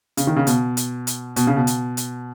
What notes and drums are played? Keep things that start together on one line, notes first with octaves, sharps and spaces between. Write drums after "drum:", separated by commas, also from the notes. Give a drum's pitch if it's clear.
C#3, drum: hi-hat
D#3
C#3
B2, drum: hi-hat
drum: hi-hat
drum: hi-hat
B2, drum: hi-hat
C#3
B2
drum: hi-hat
drum: hi-hat